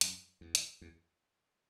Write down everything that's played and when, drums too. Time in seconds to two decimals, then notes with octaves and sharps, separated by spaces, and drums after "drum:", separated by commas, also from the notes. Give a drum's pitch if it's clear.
0.01 F#2, drum: hi-hat
0.41 E2
0.55 drum: hi-hat
0.81 E2